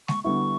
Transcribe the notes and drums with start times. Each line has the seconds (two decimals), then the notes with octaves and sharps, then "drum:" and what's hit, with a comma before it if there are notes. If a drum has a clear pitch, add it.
0.08 C#6, drum: snare G#3
0.24 D3 G3 B3 E4 C#6